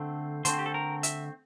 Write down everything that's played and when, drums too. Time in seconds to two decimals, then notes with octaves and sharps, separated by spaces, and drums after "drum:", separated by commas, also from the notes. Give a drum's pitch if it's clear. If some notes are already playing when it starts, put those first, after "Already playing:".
Already playing: D3 A3 C4
0.45 D3 A3 C4 C5, drum: hi-hat
0.59 G4
0.66 A4
0.74 A#4
1.03 E5, drum: hi-hat